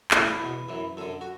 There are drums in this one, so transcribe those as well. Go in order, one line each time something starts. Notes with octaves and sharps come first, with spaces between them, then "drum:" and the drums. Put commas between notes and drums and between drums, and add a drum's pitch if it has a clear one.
A2 E3 A4, drum: clap
B4
E2 B2
F#2 E3
F#2 D3 A4
F#4